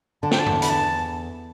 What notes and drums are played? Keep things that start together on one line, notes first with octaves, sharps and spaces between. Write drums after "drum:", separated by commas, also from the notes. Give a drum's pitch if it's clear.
D3 A5
G5, drum: snare
A5
E2, drum: tom G2
B5, drum: hi-hat
E2 A5